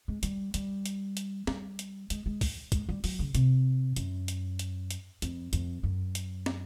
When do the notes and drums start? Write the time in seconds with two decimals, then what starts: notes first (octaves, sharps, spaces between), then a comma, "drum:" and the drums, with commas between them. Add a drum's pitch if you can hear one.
0.08 G#3
0.23 G3, drum: hi-hat
0.54 G3, drum: hi-hat
0.86 drum: hi-hat
1.17 drum: hi-hat
1.47 G3, drum: snare
1.79 drum: hi-hat
2.10 G#3, drum: hi-hat
2.26 G#3
2.41 drum: kick, open hi-hat
2.72 G#3, drum: kick, hi-hat
2.89 G3
3.04 F#3, drum: open hi-hat
3.19 C#3
3.35 C3, drum: hi-hat
3.96 F#2, drum: hi-hat
4.28 drum: hi-hat
4.59 drum: hi-hat
4.91 drum: hi-hat
5.22 F2, drum: hi-hat
5.53 F2, drum: hi-hat
5.83 F#2
6.15 drum: hi-hat
6.46 drum: snare